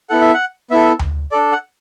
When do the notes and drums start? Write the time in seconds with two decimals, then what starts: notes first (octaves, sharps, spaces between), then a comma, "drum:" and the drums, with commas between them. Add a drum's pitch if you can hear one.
0.09 B3 E4 A4 F#5
0.21 E5
0.34 F#5
0.71 B3 E4 A4 E5
0.99 drum: tom D2
1.31 D4 A4 D5
1.52 F#5